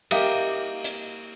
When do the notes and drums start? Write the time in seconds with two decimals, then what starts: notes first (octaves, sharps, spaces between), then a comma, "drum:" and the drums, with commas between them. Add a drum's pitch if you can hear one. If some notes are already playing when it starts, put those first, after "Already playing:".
0.11 A#3 G4 D#5 E5, drum: cymbal
0.84 drum: hi-hat